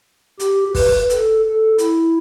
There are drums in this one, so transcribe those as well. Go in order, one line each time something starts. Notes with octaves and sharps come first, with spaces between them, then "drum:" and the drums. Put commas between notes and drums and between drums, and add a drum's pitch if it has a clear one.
G4, drum: hi-hat
B4, drum: kick, open hi-hat
A4, drum: hi-hat
A4
E4, drum: hi-hat